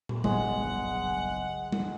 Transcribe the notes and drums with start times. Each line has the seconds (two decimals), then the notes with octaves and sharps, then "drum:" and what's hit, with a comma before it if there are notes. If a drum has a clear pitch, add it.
0.09 drum: tom
0.24 F#1 B1 G2 G#3 F#5, drum: tom G3
1.72 drum: tom G3